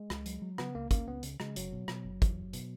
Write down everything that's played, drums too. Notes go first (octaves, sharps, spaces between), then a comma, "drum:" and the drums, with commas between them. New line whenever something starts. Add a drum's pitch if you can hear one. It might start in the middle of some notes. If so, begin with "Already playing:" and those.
Already playing: G#3
C#2, drum: rim click
F#3, drum: hi-hat
F#3
C#3 B3, drum: rim click
C#2 A#3
A#3 C#4, drum: kick, hi-hat
C#2 B3
C#3, drum: hi-hat
C#3 G#3, drum: rim click
F#1 F#3, drum: hi-hat
B2
B2, drum: rim click
F#1
E2, drum: kick, hi-hat
F#1
B2, drum: hi-hat